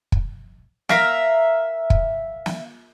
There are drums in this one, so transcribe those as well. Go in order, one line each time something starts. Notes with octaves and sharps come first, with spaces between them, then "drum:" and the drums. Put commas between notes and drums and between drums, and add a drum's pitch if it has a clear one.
drum: kick
A#4 E5 F5 A#5, drum: snare
drum: kick
drum: snare